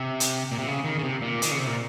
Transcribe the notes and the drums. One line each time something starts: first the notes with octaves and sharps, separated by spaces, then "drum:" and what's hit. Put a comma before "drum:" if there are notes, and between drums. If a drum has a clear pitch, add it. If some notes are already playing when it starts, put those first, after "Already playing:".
Already playing: C3
drum: hi-hat
A#2
C3
C#3
D#3
C#3
C3
A#2
D#3, drum: hi-hat
C#3
C3
A#2